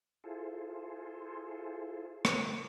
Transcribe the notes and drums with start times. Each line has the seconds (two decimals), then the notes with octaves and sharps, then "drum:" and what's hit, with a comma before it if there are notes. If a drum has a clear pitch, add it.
0.24 E4 F4 G#4 A4 C5
2.25 drum: rim click